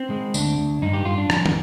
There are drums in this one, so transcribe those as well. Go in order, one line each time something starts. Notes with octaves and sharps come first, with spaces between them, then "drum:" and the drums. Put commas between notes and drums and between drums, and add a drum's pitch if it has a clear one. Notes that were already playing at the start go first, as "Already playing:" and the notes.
Already playing: C4
G#3
D2 D4, drum: tambourine
D2
G2 D#4
G4
G2 F4
D4
F2, drum: rim click
drum: tom